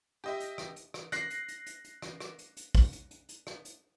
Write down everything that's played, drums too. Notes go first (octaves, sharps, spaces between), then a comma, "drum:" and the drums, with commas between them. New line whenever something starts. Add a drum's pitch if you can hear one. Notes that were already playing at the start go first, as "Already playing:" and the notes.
G4 D#5 E5
drum: hi-hat
drum: rim click
drum: hi-hat
drum: rim click
F#6 A#6 C7, drum: rim click
drum: hi-hat
drum: hi-hat
drum: hi-hat
drum: hi-hat
drum: rim click
drum: rim click
drum: hi-hat
drum: hi-hat
drum: kick, open hi-hat
drum: hi-hat
drum: hi-hat
drum: hi-hat
drum: rim click
drum: hi-hat